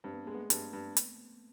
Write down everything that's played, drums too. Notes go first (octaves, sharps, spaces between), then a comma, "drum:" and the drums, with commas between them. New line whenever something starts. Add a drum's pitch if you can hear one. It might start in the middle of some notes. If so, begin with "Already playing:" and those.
G2 C4
B3
G#3 A#3
A3 B3
G2, drum: hi-hat
G2
drum: hi-hat